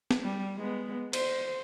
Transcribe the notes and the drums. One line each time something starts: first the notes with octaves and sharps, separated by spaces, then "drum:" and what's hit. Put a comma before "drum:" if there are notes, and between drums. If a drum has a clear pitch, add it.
drum: snare
G3
G#3 B3
C5, drum: cymbal